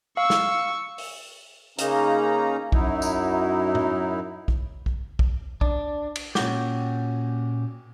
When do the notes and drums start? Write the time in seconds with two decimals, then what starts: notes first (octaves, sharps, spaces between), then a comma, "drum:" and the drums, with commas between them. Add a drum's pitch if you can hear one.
0.17 F5 C#6 E6
0.30 drum: snare
0.98 drum: open hi-hat
1.78 C#3 A#3 C#4 D#4 A#5, drum: hi-hat
2.72 F#2 F#3 D#4 E4, drum: kick
3.02 drum: tambourine
3.75 drum: tom A2
4.48 drum: kick
4.86 drum: kick
5.19 drum: kick
5.61 D4, drum: kick
6.16 drum: cymbal
6.35 A#2 C#4 F#4 G4, drum: snare